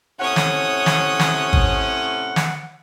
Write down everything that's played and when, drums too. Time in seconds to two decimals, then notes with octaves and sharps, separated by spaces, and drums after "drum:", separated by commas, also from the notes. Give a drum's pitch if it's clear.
0.19 A2 C3 C#4 C#5 F#5 D#6
0.36 drum: snare
0.86 drum: snare
1.19 drum: snare
1.53 drum: kick G#1
2.36 drum: snare